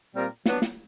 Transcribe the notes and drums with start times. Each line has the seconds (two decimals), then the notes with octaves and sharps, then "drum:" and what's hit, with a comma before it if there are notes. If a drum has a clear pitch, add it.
0.14 A#2 G3 C4 F4 A#4
0.46 F#3 B3 D4, drum: snare
0.62 drum: snare